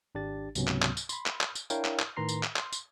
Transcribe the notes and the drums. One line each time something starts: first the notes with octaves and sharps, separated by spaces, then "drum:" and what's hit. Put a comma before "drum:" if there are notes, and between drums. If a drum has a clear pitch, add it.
G#1 D4 G4 A6
C#2 G#2 C3 F#3 B3 C#4, drum: tambourine
drum: clap
drum: clap
drum: tambourine
B5 C6, drum: tambourine
drum: clap
drum: clap
drum: tambourine
D4 E4 A#4 C#5 F5 G5, drum: tambourine
drum: clap
drum: clap
A2 D#3 B4 A#5 C6 C7
drum: tambourine
drum: clap
C6, drum: clap
drum: tambourine